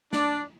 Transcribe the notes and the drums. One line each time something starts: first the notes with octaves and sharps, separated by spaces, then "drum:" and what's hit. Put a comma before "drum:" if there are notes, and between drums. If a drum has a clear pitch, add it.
D4, drum: snare